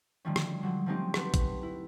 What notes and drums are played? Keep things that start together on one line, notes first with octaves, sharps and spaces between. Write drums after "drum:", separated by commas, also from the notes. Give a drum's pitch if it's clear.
D3 D#3 F3 G3 A3 C#4
drum: rim click
D3 F3 F#3
F3 A3 C4 C#4 D#4 G4
C4 F#4 G4 A4 B4, drum: rim click
drum: kick A#1, hi-hat
E4